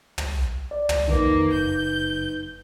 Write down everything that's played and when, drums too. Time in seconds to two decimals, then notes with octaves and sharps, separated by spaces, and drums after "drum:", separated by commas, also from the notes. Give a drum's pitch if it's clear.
0.18 drum: tom
0.71 D5
0.89 drum: tom
1.08 F2 D#3 A#3 D#4 B4
1.52 F#1 G6